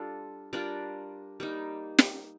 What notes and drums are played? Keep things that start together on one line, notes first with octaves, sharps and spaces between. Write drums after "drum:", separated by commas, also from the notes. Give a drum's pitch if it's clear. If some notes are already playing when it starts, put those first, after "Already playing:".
Already playing: G3 D4 F4 A4
G3 D4 F4 A#4 D5
G3 A#3 D#4
drum: snare